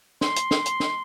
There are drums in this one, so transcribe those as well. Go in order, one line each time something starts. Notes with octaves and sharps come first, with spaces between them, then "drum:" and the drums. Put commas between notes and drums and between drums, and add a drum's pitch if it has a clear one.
C6, drum: snare
drum: hi-hat
drum: snare
drum: hi-hat
drum: snare